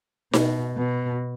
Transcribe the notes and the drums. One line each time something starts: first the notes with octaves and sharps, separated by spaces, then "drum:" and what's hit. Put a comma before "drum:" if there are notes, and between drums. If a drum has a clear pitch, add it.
B2, drum: snare D#4
B2